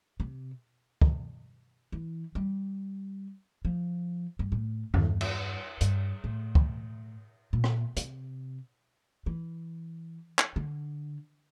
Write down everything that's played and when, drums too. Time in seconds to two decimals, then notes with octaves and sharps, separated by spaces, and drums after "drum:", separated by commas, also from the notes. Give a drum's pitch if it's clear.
0.20 C3
1.02 drum: kick
1.92 E3
2.35 G3
3.65 F3
4.39 G2
4.52 A2
4.94 G2, drum: tom E2
5.21 drum: cymbal
5.81 G2, drum: hi-hat
6.24 A2
6.55 drum: kick
7.53 A#2
7.64 drum: rim click
7.97 C3, drum: hi-hat
9.26 E3
10.39 drum: clap
10.56 D3